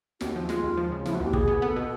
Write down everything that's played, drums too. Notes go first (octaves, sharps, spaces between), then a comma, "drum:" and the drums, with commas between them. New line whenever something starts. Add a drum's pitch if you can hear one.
D#2 F#4, drum: snare
F3
G#3 F4, drum: snare
D#2
F3
C#3
F3 E4, drum: snare
F#4
D#2 G4
B2 G#4, drum: kick
B3
B3 A4
B2